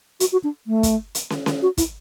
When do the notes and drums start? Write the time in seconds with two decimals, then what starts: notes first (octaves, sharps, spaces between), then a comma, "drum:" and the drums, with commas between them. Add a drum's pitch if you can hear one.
0.20 F#4, drum: hi-hat
0.32 F#4
0.44 D4
0.67 A3
0.83 drum: kick, hi-hat
1.15 drum: hi-hat
1.30 drum: snare
1.46 drum: snare
1.62 F#4
1.77 E4, drum: kick, hi-hat